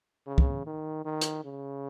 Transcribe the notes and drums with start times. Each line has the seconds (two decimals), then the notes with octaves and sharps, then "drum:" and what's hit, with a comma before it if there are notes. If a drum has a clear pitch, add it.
0.27 C#3
0.38 drum: kick
0.66 D#3
1.05 D#3
1.22 drum: hi-hat
1.45 C#3